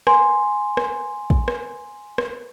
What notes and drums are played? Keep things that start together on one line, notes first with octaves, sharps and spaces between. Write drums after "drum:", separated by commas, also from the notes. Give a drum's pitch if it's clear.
G#5 C6, drum: rim click
drum: rim click
drum: kick
drum: rim click
drum: rim click